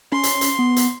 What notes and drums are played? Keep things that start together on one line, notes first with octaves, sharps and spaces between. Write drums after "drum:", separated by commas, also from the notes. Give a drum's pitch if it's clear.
C#4 C6
drum: hi-hat
drum: hi-hat
B3
drum: hi-hat